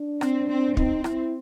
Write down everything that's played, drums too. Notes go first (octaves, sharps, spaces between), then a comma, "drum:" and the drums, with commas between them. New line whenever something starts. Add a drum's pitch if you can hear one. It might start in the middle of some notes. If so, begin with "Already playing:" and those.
Already playing: D4
C4, drum: rim click
C4
C4 D#4, drum: kick
E4, drum: rim click